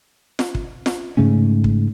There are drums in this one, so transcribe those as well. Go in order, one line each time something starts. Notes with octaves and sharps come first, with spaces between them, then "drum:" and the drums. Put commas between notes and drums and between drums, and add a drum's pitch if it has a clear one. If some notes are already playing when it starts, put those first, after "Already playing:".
drum: snare F4
drum: kick
drum: snare F4
G#2 C#3 A3 C#4
drum: kick